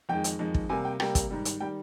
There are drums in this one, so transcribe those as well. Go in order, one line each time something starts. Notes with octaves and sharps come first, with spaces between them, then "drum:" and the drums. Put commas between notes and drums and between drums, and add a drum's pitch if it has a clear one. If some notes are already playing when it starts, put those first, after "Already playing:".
F2 D#3 G#3 G5
drum: hi-hat
F2 D#3 G#3
drum: kick
C3 G3 A#3 G#5
G5
C3 G3 A#3 G5, drum: rim click
drum: kick, hi-hat
G#2 D#3 G3
drum: hi-hat
D#3 G3 G5